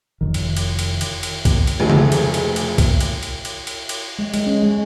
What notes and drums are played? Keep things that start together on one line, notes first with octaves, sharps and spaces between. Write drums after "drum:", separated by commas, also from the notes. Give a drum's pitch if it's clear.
F1 B1 D#3
drum: cymbal
drum: cymbal
drum: cymbal
drum: cymbal
drum: cymbal
drum: kick B1, cymbal
drum: cymbal
F1 D2 G#3 G#4
drum: tom C#3
drum: cymbal
drum: cymbal
drum: cymbal
drum: kick B1, cymbal
drum: cymbal
drum: cymbal
drum: cymbal
drum: cymbal
drum: cymbal
G#3
G#3, drum: cymbal
C#4
G#3